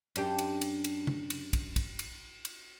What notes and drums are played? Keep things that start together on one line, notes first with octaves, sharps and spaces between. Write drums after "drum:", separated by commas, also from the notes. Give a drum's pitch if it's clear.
F#2 D4 G4, drum: cymbal
drum: cymbal
drum: cymbal
drum: cymbal
drum: tom
drum: cymbal
drum: kick, cymbal
drum: kick, cymbal
drum: cymbal
drum: cymbal